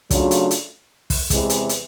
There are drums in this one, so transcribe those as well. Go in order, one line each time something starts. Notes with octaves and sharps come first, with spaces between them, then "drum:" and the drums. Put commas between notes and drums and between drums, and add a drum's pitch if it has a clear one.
C#3 F#3 A3 D4 F4, drum: kick, hi-hat
drum: hi-hat
drum: hi-hat
drum: kick, open hi-hat
E2 C3 E3 G#3, drum: kick, hi-hat
drum: hi-hat
drum: hi-hat